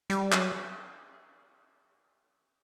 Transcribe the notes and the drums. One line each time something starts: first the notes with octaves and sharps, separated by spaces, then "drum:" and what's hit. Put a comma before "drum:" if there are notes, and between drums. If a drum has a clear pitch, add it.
G3, drum: hi-hat
F#3, drum: clap